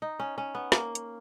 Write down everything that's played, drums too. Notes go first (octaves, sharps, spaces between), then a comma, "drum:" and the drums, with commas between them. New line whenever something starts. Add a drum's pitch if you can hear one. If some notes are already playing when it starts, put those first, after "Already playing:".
D#4
C#4
C#4
B3
A#3, drum: snare
drum: hi-hat